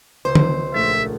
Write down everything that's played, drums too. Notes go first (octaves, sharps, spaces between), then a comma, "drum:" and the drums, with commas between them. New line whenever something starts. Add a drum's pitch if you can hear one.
C#2 C5
drum: tom D3
A#1 A3 E5 A6